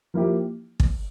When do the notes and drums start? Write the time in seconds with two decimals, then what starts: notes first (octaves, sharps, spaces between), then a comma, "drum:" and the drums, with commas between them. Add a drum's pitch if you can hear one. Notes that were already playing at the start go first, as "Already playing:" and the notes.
0.14 F3 A#3 E4 G4
0.80 drum: kick